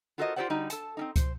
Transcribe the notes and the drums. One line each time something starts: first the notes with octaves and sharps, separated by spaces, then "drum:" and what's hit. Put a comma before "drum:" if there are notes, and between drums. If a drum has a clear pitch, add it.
F4 F#4 A4 A#4 C5 D#5
F4 G4 A4 C5 D5 F#5
D3 G3 D#4 F#4 A#5
A4 A5, drum: hi-hat
C4 C#4 D#4
C5, drum: kick, hi-hat